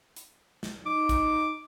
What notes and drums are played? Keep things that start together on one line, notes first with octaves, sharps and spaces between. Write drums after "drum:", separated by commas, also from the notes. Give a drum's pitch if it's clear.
drum: hi-hat
drum: snare
D#4 D6
drum: kick A1, hi-hat